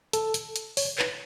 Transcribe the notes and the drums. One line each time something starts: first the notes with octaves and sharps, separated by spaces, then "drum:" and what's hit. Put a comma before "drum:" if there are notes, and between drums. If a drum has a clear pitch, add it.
A4, drum: hi-hat
drum: hi-hat
drum: hi-hat
C#5, drum: open hi-hat
B4, drum: clap